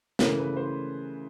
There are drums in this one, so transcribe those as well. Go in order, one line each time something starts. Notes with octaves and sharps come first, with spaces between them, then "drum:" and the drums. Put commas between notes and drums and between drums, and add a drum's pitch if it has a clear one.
C#3 E3 A3 A#4, drum: snare
B4
C5